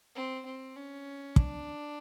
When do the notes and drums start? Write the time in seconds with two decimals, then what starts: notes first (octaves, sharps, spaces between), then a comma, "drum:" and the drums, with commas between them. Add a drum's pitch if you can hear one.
0.16 C4
0.46 C4
0.76 C#4
1.36 D4, drum: kick